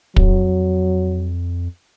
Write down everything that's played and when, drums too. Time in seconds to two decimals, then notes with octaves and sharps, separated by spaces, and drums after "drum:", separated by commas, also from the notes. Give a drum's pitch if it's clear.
0.16 F2 F#3, drum: kick